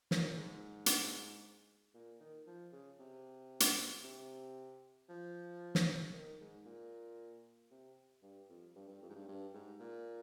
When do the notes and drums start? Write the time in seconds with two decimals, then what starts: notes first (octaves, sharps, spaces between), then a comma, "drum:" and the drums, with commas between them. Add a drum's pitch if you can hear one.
0.11 A#2, drum: snare
0.37 G#2
0.86 drum: hi-hat
1.94 A#2
2.20 D#3
2.47 F3
2.72 C#3
2.99 C3
3.60 drum: hi-hat
4.04 C3
5.09 F3
5.75 drum: snare
6.13 D#3
6.40 G#2
6.65 A#2
7.71 C3
8.22 G2
8.49 F2
8.76 G2
8.88 G2
9.02 F2
9.09 G#2
9.15 G2
9.28 G2
9.54 G#2
9.80 A#2